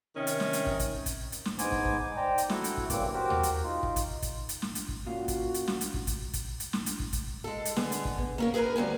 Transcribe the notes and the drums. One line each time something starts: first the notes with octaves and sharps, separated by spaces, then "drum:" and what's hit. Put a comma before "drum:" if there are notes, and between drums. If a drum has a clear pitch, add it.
C3 D#3 C#4
drum: hi-hat
drum: snare
drum: hi-hat
drum: kick
drum: kick, hi-hat
drum: kick, hi-hat
drum: hi-hat
drum: snare
G#2 B3 D#4 C5 G#5 D6, drum: hi-hat
drum: kick
drum: kick
C5 D5 G5 A#5
drum: hi-hat
E4 F#4 A4, drum: snare
drum: hi-hat
drum: kick
G2 C#3 E3 A#3 C4 D6, drum: kick, hi-hat
F#4 G4 A#4 C5
drum: tom D#2
drum: hi-hat
D#4 F4
drum: kick
drum: kick, hi-hat
drum: kick, hi-hat
drum: hi-hat
drum: snare
drum: hi-hat
drum: kick
A#2 C#4 F#4 F5
drum: kick, hi-hat
drum: hi-hat
drum: snare
drum: hi-hat
drum: kick
drum: kick, hi-hat
drum: kick, hi-hat
drum: hi-hat
drum: snare
drum: hi-hat
drum: kick
drum: kick, hi-hat
G#3 A4
drum: hi-hat
D3 B3 G#4, drum: snare
drum: hi-hat
drum: kick
drum: kick
A#3 C#4 A#4
G#4 A#4 B4 G#5 A#5
D2 G3 B3 G#5